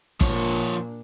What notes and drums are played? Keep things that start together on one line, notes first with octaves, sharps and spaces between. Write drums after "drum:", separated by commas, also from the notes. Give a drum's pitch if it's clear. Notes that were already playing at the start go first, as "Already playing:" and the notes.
A#2 F3 D4 C#5, drum: kick